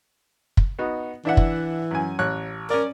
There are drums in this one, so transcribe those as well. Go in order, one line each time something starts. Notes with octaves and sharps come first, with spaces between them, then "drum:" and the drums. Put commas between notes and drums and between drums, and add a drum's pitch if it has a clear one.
drum: kick
B3 D#4 F#4
E3 D4 E5 F#5
drum: kick
F#2 G#5
A1 C#5 F#6
C#4 A#4 D5